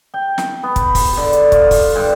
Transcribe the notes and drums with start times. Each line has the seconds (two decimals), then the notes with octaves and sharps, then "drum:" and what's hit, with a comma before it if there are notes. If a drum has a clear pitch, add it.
0.14 G5
0.38 drum: snare
0.63 B3
0.76 drum: kick, hi-hat
0.95 drum: kick, open hi-hat
1.17 D3
1.33 drum: hi-hat
1.52 F4, drum: kick, hi-hat
1.71 drum: kick, open hi-hat
1.96 G2